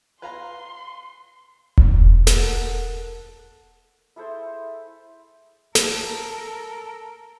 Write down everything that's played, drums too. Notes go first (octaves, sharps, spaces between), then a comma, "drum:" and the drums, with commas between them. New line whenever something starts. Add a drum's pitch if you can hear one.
B4 F5 A#5 C6
drum: kick E1
A4 A#4 F#5, drum: snare
E4 G#4 A4 C5
A4 A#4, drum: snare